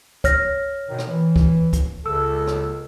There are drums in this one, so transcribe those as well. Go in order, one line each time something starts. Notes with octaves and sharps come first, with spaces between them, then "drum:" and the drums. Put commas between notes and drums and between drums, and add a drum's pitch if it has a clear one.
C#5 F6 A#6, drum: kick, hi-hat
G#2 B2 D#3
drum: rim click
E3
drum: kick
drum: kick, hi-hat
C#2 C#3 A4 E6
drum: rim click